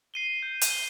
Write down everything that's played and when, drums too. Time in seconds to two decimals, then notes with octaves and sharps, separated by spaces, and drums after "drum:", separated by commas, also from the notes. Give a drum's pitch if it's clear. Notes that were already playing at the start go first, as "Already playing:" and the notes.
0.14 C7 D#7 G7
0.43 G6
0.61 drum: hi-hat
0.71 C7 D#7 G7